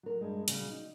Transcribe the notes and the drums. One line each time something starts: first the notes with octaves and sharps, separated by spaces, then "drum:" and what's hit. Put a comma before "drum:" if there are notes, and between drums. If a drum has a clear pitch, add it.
F#3 A#4
G2 G#3
C#3 F#3 G3, drum: hi-hat
D#4